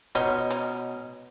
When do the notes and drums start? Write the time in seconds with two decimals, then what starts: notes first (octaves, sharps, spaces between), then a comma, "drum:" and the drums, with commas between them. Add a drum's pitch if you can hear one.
0.15 B2 C#4 D#4 C#5 G#5 C6, drum: hi-hat
0.50 drum: hi-hat